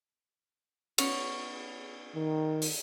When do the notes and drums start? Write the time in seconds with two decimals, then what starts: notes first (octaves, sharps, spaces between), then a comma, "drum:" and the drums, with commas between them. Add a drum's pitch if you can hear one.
0.98 B3 C#4 C#5, drum: cymbal
2.15 D#3
2.62 drum: open hi-hat